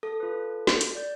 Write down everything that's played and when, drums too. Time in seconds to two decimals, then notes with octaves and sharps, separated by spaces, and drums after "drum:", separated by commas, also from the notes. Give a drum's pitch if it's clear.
0.03 A4 D#6
0.20 F4 B4
0.67 drum: snare
0.81 drum: hi-hat
0.95 D5 G6